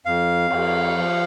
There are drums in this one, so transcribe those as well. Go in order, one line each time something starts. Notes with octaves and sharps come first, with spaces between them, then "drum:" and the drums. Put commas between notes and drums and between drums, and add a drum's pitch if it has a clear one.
F2 F5
F2, drum: cymbal
F3